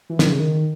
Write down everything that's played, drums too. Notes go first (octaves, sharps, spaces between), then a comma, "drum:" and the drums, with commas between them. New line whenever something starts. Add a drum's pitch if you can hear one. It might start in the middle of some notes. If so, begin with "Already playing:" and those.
E3
D#3, drum: snare
C#3
D#3